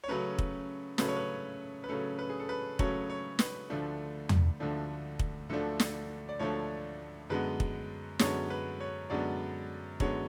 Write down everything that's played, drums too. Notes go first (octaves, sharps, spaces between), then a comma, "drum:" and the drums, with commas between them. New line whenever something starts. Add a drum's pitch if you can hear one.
C#5
C#3 F#3 A3 C#4 B4
drum: kick
C#3 F#3 A3 C#4 B4, drum: snare
C#5
B4
B4
C#3 F#3 A3 C#4 A4
B4
G#4
A4
B4
C#3 F#3 A3 C#4 C#5, drum: kick
C#5
B4, drum: snare
D2 D3 F3 A3 D4
drum: tom E2
D2 D3 F3 A3 D4
drum: kick
D2 D3 F3 A3 D4 A4
drum: snare
D5
D2 D3 F3 A3 D4 C#5
F#2 D3 G#3 B3 B4
drum: kick
F#2 D3 G#3 B3 C#5, drum: snare
B4
C#5
F#2 D3 G#3 B3 D5
F#2 D3 G#3 B3 C#5, drum: kick